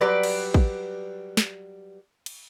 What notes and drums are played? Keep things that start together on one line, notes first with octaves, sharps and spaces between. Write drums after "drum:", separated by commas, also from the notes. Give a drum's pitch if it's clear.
F#3 G3 G4 B4 D5
drum: cymbal
drum: kick
drum: snare
drum: cymbal